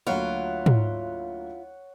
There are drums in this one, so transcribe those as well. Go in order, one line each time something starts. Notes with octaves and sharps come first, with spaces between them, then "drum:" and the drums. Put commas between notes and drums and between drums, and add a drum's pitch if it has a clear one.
D2 F#3 A#3 E4 F4 C#5 F#5
drum: tom